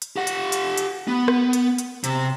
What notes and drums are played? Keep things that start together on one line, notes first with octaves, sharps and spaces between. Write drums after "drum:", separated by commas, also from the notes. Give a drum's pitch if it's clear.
drum: hi-hat
G4 F#5
drum: hi-hat
drum: hi-hat
drum: hi-hat
B3
drum: rim click
drum: hi-hat
drum: hi-hat
C3, drum: hi-hat